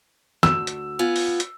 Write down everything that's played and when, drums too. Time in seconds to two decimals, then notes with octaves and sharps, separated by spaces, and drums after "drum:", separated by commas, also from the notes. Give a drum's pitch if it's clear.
0.43 D2 E6, drum: snare
0.67 drum: hi-hat
0.99 B3 F4 G#5
1.16 drum: open hi-hat
1.40 drum: hi-hat